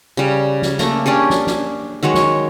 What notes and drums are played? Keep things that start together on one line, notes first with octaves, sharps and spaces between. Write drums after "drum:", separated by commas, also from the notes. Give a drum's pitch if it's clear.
C#3 G3
drum: snare
A3 A#3 A#5, drum: snare
C#4 D4 G4 G#4
drum: snare
drum: snare
D#3 F#3 G#3 C#5
drum: snare